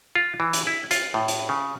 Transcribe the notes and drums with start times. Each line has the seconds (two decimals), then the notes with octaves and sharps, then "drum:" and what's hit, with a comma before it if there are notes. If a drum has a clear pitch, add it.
0.15 F4
0.40 E3
0.53 drum: hi-hat
0.67 E4
0.91 F4, drum: hi-hat
1.14 A2
1.28 drum: hi-hat
1.49 C#3